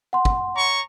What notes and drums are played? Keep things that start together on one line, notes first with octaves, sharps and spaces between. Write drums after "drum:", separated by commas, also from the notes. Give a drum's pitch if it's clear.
F#5 C6
drum: kick
C#5 A#5 C#6